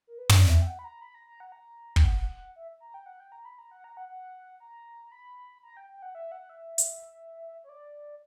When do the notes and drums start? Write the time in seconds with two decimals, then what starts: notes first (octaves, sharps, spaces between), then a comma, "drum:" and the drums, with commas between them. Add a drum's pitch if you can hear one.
0.07 A#4
0.18 B4
0.29 C#5, drum: tom
0.39 D5
0.50 E5
0.62 G5
0.67 F#5
0.79 B5
0.84 A#5
1.01 B5
1.15 A#5
1.27 A#5
1.40 F#5
1.52 A#5
1.96 G5, drum: kick
2.04 F#5
2.56 E5
2.80 A#5
2.94 G5
3.06 F#5
3.20 G5
3.32 A#5
3.45 B5
3.59 A#5
3.71 F#5
3.84 A#5
3.97 F#5
4.09 F#5
4.60 A#5
5.06 A#5
5.12 B5
5.63 A#5
5.77 G5
5.90 G5
6.02 F#5
6.15 E5
6.32 F#5
6.49 E5
6.78 drum: hi-hat
7.64 C#5
7.69 D5